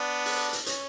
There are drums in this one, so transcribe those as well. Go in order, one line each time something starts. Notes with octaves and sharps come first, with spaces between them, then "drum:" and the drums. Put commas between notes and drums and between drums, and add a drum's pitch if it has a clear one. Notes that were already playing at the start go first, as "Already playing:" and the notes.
Already playing: B3 D4
drum: open hi-hat
drum: hi-hat
C#4, drum: hi-hat